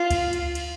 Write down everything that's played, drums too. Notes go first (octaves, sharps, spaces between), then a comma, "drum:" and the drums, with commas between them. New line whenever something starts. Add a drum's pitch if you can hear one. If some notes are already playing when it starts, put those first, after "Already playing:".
Already playing: F4
drum: kick C#2, cymbal
drum: cymbal
drum: cymbal